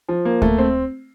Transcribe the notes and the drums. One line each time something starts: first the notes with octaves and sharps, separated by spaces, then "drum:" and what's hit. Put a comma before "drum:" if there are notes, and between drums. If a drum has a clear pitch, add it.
F3
A#3
A3, drum: kick D2
C4